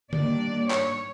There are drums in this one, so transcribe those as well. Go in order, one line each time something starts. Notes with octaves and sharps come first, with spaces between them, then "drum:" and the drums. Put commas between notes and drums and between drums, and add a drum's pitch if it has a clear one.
D#3 G3 A#3 D4 D5, drum: tom D3
C#5, drum: clap